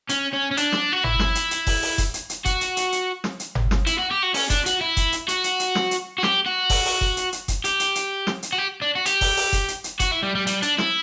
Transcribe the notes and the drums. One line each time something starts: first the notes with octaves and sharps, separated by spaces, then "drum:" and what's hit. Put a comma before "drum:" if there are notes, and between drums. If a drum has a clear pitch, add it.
C#4, drum: hi-hat
C#4
C#4
D4, drum: hi-hat
drum: snare
F#4
E4, drum: tom G1
drum: snare
drum: hi-hat
drum: hi-hat
drum: kick F1, open hi-hat
drum: open hi-hat
drum: kick F1, hi-hat
drum: hi-hat
drum: hi-hat
F#4, drum: kick F1, hi-hat
drum: hi-hat
drum: hi-hat
drum: hi-hat
drum: snare
drum: hi-hat
drum: tom G1
drum: snare
E4, drum: hi-hat
F#4
G4
F#4
C#4, drum: open hi-hat
D4, drum: kick F1, hi-hat
F#4, drum: hi-hat
E4
drum: kick F1, hi-hat
drum: hi-hat
F#4, drum: hi-hat
drum: hi-hat
drum: hi-hat
drum: snare
drum: hi-hat
F#4
G4, drum: snare
F#4
drum: kick F1, open hi-hat
drum: open hi-hat
drum: kick F1
drum: hi-hat
drum: hi-hat
drum: kick F1, hi-hat
G4, drum: hi-hat
drum: hi-hat
drum: hi-hat
drum: snare
drum: hi-hat
F#4
G4
D4
F#4
G4, drum: hi-hat
drum: kick F1, open hi-hat
drum: open hi-hat
drum: kick F1, hi-hat
drum: hi-hat
drum: hi-hat
F#4, drum: kick F1, hi-hat
E4
G3
G3
G3, drum: hi-hat
D4, drum: hi-hat
E4, drum: snare